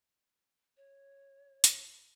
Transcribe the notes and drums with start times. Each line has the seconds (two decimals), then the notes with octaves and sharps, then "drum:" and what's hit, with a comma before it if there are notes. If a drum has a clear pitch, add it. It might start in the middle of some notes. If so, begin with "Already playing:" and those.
0.77 C#5
1.64 drum: hi-hat